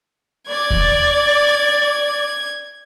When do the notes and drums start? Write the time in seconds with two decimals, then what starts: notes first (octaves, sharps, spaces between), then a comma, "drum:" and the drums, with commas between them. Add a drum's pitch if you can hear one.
0.50 D5 G#6
0.70 drum: kick D#2